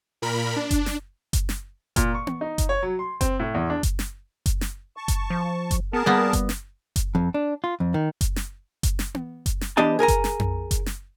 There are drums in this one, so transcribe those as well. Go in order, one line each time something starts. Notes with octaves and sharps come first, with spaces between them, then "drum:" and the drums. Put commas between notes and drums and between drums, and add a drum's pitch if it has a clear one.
A#2 A#4 B5
D4
drum: kick F#1, hi-hat
drum: snare
drum: kick F#1, hi-hat
drum: snare
A#2, drum: kick F#1, hi-hat
C#6
drum: tom B3
D#4
drum: kick F#1, hi-hat
C#5
F#3
C6
C4, drum: kick F#1, hi-hat
A2
E2
D4
drum: kick F#1, hi-hat
drum: snare
drum: kick F#1, hi-hat
drum: snare
A5 C#6
drum: kick F#1, hi-hat
F3
drum: kick F#1, hi-hat
B3 G#4 A#4 A5
G3 A#3 B3
drum: kick F#1, hi-hat
drum: snare
drum: kick F#1, hi-hat
F2
D4
F4
F2
D#3
drum: kick F#1, hi-hat
drum: snare
drum: kick F#1, hi-hat
drum: snare
drum: tom B3
drum: kick F#1, hi-hat
drum: snare
E3 B3 D4 G4 D#5 A5
G#4 A#4 G#5 A#5
drum: kick F#1, hi-hat
drum: snare
drum: tom F2
drum: kick F#1, hi-hat
drum: snare